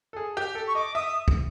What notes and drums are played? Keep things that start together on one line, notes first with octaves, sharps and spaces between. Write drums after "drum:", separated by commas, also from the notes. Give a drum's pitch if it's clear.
A4
G#4
G4
A4
C#6
D#5 D6
E5 D#6
drum: kick